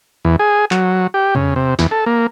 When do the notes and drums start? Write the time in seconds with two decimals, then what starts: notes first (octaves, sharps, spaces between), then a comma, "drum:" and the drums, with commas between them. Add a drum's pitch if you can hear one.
0.25 E2
0.39 G#4
0.71 F#3, drum: clap
1.14 G4
1.35 C#3, drum: tom
1.56 C3
1.79 E2, drum: snare
1.91 A4
2.06 A#3